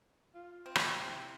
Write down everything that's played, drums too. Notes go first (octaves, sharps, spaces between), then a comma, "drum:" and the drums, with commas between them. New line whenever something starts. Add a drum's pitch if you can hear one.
F4
C4
drum: rim click
C3 E4